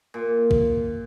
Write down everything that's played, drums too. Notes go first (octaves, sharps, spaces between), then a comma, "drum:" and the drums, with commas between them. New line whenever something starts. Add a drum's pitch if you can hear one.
A#2
drum: kick A#1